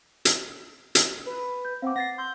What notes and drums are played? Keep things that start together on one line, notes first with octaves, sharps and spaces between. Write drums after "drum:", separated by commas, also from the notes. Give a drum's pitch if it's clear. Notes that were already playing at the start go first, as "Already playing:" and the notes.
drum: hi-hat
drum: hi-hat
B4
G6
C4 F5 F#5 D6
F#5 A6 A#6 C7
C6 E6 G6